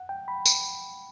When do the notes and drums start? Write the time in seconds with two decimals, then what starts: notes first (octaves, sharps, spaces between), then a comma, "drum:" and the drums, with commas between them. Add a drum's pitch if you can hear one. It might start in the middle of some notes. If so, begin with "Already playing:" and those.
Already playing: F#5
0.09 G5
0.28 B5
0.46 drum: tambourine